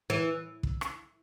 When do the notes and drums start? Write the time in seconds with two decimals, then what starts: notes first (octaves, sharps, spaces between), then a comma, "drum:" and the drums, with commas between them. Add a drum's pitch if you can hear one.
0.10 E3
0.63 drum: kick
0.81 drum: rim click